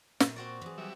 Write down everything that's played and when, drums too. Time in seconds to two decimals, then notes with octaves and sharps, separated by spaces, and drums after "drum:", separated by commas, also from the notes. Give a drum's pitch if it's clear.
0.20 A#2, drum: snare
0.36 C4 F#4 D5
0.62 E3 G#4
0.78 F#3 G3 E5